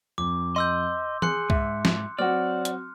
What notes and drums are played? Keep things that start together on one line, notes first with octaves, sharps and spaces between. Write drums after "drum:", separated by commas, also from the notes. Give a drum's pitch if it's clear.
F2 D6
D#5 C6 E6 G6
G#4 C6 F#6 C#7, drum: tom E3
G#2 E5, drum: kick C2
drum: snare
F#3 C4 F#4 D5 F6
drum: hi-hat